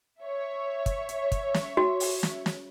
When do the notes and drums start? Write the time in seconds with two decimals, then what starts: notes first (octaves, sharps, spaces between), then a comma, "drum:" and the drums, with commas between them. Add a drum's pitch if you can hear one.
0.21 C#5 E5
0.86 drum: kick, hi-hat
1.09 drum: hi-hat
1.32 drum: kick, hi-hat
1.54 drum: snare
1.77 F#4
2.00 drum: open hi-hat
2.23 drum: snare
2.46 drum: snare